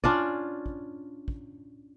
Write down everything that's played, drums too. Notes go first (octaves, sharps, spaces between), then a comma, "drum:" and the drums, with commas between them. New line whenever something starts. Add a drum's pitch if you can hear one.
C#4 D4 F4 D5, drum: kick
drum: kick
drum: kick